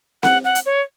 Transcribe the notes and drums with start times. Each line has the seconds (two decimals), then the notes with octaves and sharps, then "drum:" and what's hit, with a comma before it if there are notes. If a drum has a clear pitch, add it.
0.23 F#5, drum: snare C4
0.45 F#5
0.55 drum: hi-hat
0.66 C#5